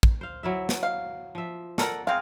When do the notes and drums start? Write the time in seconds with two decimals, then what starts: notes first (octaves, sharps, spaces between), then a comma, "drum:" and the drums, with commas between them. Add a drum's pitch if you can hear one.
0.03 drum: kick
0.21 C5 F5
0.43 F#3 E4 E5
0.69 drum: snare
0.83 F5
1.35 F3 E5
1.78 A4 A#4 D5 F#5 A#5, drum: snare
2.07 C4 G#4 A#4 F5